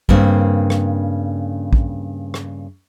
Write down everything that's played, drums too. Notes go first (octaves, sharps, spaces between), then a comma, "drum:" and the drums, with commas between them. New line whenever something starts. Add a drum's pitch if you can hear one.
G2 C#3 A#3 C4, drum: kick
drum: rim click
drum: kick
drum: rim click